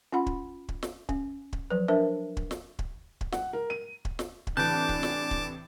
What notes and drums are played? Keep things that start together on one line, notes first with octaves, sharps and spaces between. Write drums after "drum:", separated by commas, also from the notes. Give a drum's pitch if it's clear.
C#4 F4 F#5 B5
drum: kick
drum: kick
drum: snare
C#4, drum: kick
drum: kick
F3 F#3 B4
D4 A#4 C5 E5
drum: kick
drum: snare
drum: kick
drum: kick
F#5, drum: snare
A#4
D#7
drum: kick
drum: snare
drum: kick
A2 C3 E3 D4 A5 D6 F#6 G6
drum: kick
drum: snare
drum: kick